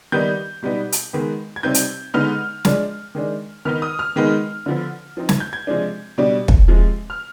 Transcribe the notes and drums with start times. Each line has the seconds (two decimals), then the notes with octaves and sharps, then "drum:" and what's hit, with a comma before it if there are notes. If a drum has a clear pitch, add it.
0.12 D#3 G3 B3 D#4 G6
0.62 B2 G3 B3 D#4
0.92 drum: hi-hat
1.13 D#3 G#3 B3
1.56 G#6
1.63 C3 G3 C4 D#4 G6
1.74 drum: hi-hat
2.14 D3 G#3 B3 D#4 F6
2.65 F3 G#3 D4, drum: snare
3.15 D#3 G#3 D4
3.65 D#3 B3 D#4 F6
3.82 D#6
3.99 F6
4.16 D#3 G#3 B3 D#4
4.66 D3 F3 B3
5.17 F3 C4 D#4
5.29 G#6, drum: snare
5.40 G6
5.53 G#6
5.67 C3 F3 G#3 D4
6.18 B2 G3 D4
6.48 drum: kick
6.68 C3 F3 G#3
7.10 F6